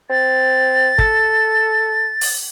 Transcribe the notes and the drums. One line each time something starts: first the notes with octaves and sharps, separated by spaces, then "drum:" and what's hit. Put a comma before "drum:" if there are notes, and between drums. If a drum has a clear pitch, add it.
C4 A6
A4, drum: kick
drum: open hi-hat